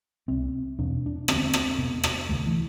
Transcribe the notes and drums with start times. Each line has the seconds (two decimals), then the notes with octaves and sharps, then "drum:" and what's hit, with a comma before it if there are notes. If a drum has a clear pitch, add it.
0.28 C2 C3 C4
0.78 E2 B2 D4
1.06 D4
1.28 D2 D3 C4, drum: rim click
1.36 B3
1.44 C4
1.54 drum: rim click
1.78 F2 C3 B3
2.04 drum: rim click
2.29 D2 C3 A3
2.46 E3